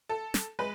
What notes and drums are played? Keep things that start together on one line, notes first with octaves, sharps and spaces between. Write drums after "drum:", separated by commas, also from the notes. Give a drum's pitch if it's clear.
A4
drum: snare
G#3 B4